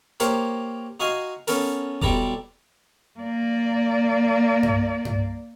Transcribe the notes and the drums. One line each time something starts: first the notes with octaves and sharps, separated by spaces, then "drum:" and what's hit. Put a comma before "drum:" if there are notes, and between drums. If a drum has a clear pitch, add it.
A#3 G4 A#4 C5 C#5, drum: hi-hat
D#4 F#4 D#5 F5 G#5 C6
B3 C#4 A4 A#4, drum: open hi-hat
B1 G3 E4 A4 A#5 D6, drum: kick E1
A#3 D5
drum: tom G2
drum: tom G2